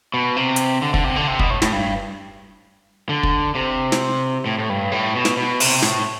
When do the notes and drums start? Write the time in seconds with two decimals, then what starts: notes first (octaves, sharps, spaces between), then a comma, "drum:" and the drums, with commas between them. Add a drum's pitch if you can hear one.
0.14 B2
0.36 C3
0.56 drum: hi-hat
0.82 D3
0.94 D3, drum: kick
1.04 C3
1.16 D3
1.28 C3
1.39 B2, drum: kick
1.50 A2
1.62 A2, drum: snare
1.72 G2
3.09 D3
3.23 drum: kick
3.55 C3
3.92 drum: snare
4.46 A2
4.59 A2
4.70 G2
4.92 A2
5.15 B2
5.25 drum: snare
5.37 B2
5.60 C3, drum: open hi-hat
5.82 A2, drum: snare